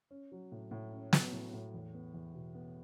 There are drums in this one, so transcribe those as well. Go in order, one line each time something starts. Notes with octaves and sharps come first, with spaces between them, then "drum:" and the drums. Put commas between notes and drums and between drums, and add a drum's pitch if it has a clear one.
C#4
F#3
A2
A2
C#4
F#3, drum: snare
A2
A2
E2
B3
E2
B2
B3